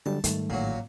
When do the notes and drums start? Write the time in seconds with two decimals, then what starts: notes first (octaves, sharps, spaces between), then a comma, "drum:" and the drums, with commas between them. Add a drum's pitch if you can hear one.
0.06 D3 F#3 G3 A5
0.24 G#2 D#3 G3 A3, drum: hi-hat
0.50 A1 A#2 F#3